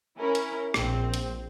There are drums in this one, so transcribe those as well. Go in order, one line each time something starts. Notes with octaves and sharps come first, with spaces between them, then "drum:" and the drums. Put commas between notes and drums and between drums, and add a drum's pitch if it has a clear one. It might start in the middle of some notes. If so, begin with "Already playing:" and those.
C#4 E4 A#4
drum: hi-hat
A#1 C4, drum: rim click
drum: hi-hat